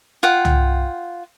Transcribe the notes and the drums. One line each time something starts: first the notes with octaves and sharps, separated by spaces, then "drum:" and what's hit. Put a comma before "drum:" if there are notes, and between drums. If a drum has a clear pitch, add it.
F4 F#5 G5
drum: tom